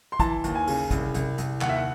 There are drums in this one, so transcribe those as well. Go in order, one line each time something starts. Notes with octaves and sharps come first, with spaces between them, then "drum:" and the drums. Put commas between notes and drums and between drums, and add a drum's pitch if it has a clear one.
C6
E3 A5, drum: kick, hi-hat
D#2, drum: hi-hat
G#5
C#3, drum: open hi-hat
C2, drum: kick, hi-hat
C2, drum: hi-hat
C2, drum: hi-hat
D#2 F#5, drum: clap
E5
F#5